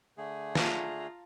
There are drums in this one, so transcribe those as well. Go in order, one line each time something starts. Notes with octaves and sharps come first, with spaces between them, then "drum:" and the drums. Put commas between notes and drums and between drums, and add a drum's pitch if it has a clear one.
D3 A3 G#4
F4 F5 A5 A#5, drum: snare